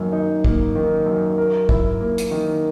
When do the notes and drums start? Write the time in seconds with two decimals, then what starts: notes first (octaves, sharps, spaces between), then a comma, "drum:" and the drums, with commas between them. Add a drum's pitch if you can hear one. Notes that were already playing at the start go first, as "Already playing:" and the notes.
Already playing: F#2 D#3 A#3
0.13 D#4
0.44 A#3, drum: kick
0.75 D#3
1.06 F#2
1.38 A#4
1.69 E4, drum: kick
2.01 A#3
2.18 drum: hi-hat
2.31 D#3